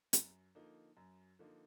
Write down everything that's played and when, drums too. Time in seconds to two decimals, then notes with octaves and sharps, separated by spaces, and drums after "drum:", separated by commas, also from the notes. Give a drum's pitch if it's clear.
0.13 F#2, drum: hi-hat
0.55 D3 F3 A#3 D#4
0.97 F#2
1.39 D3 F3 A#3 D#4